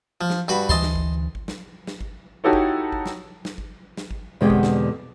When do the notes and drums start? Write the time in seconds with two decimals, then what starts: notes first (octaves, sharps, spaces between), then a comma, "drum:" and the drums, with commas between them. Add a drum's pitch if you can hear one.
0.21 F3
0.30 drum: snare
0.48 G2 F#4 B4
0.69 D2 E3 D#5 A5 C6
0.82 drum: snare
0.96 drum: kick G#1
1.35 drum: kick G#1
1.48 drum: snare
1.87 drum: snare
2.01 drum: kick G#1
2.44 D#4 E4 F#4 G4 A4 C#5
2.53 drum: kick G#1
2.92 drum: kick G#1
3.06 drum: snare
3.45 drum: snare
3.58 drum: kick G#1
3.97 drum: snare
4.11 drum: kick G#1
4.41 E2 B2 D3 G#3 C4 G4
4.50 drum: kick G#1
4.63 drum: snare